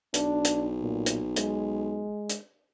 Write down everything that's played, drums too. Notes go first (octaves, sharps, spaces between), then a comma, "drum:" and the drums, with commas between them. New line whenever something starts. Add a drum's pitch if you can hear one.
B1 D4, drum: hi-hat
drum: hi-hat
A#2
drum: hi-hat
G#3, drum: hi-hat
drum: hi-hat